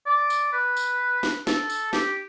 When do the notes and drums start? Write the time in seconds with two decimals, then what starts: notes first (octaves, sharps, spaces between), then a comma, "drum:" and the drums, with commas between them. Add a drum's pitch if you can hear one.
0.06 D5
0.30 drum: tambourine
0.53 B4
0.77 drum: tambourine
1.23 drum: snare
1.47 A4, drum: snare
1.70 drum: tambourine
1.93 G4, drum: snare